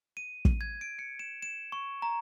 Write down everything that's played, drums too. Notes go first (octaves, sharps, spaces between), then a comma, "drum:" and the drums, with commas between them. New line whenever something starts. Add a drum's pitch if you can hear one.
D#7
drum: kick
G#6
D7
C#7
E7
E7
C#6
A#5